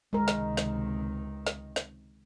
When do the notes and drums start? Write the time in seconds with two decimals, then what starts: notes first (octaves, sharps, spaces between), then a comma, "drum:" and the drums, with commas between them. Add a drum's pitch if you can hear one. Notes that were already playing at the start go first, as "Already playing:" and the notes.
0.13 C#2 C3 D#3 G#3 A#4
0.28 drum: snare
0.57 drum: snare
1.47 drum: snare
1.76 drum: snare